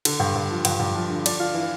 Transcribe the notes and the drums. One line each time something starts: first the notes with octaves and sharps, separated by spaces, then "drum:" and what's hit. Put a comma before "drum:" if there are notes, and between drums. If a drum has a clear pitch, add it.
D3, drum: cymbal
G2
G2
F3
G2, drum: cymbal
G2
F3
D3
D4, drum: cymbal
F4
E3